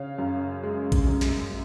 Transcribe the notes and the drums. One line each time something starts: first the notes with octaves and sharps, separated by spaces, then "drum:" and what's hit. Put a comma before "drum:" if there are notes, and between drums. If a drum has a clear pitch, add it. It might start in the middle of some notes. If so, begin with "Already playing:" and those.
Already playing: C#3 C#5 F5
F#2
G#3
drum: kick A1, hi-hat
F#2
drum: snare